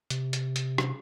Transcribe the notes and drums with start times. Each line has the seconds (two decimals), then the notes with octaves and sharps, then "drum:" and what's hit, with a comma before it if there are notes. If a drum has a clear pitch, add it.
0.10 C3, drum: hi-hat
0.33 drum: hi-hat
0.56 drum: hi-hat
0.78 drum: rim click